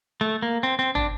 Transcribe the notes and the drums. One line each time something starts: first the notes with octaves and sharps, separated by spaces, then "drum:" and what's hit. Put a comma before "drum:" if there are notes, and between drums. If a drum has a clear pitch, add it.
A3
A#3
C4
C4
D4, drum: tom